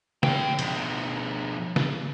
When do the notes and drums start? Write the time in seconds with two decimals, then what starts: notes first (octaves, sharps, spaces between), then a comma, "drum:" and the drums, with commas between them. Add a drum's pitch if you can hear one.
0.23 C#5 G5, drum: snare
0.59 B2 F3, drum: hi-hat
1.76 drum: snare